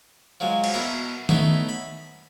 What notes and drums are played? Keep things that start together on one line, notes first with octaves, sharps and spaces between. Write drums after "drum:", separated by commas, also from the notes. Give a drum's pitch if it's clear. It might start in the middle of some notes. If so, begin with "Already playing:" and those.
F3 F#3 G#3
drum: cymbal
B2 E4 A#4 A5
A3 B3 D#4 E4 C#5, drum: tom D#3
B5